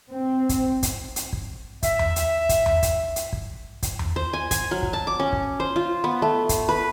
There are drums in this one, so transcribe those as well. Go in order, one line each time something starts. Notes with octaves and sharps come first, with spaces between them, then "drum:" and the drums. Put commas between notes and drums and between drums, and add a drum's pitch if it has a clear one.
C4
drum: kick, hi-hat
drum: kick, hi-hat
drum: hi-hat
drum: kick
E5, drum: kick, hi-hat
drum: tom E2
drum: hi-hat
drum: kick, hi-hat
drum: tom E2
drum: kick, hi-hat
drum: hi-hat
drum: kick
drum: kick, hi-hat
drum: tom E2
C5
G#5
G#5, drum: kick, hi-hat
F#3
drum: kick
A5
D6
C#4
drum: kick
C5
F4
B3
A3
drum: kick, hi-hat
B4